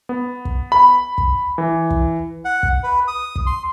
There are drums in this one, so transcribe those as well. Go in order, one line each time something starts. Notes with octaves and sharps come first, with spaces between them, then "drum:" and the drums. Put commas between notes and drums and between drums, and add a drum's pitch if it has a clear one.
B3
drum: kick
B5
drum: kick
E3
drum: kick
F#5
drum: kick
B4
D#6
drum: kick
C6